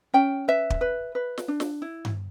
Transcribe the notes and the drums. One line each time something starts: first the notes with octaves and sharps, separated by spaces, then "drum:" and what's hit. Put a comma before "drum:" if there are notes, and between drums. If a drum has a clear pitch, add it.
C#4 G5
B4 E5
drum: kick
B4
B4
drum: snare
D4
drum: snare
E4
drum: tom G2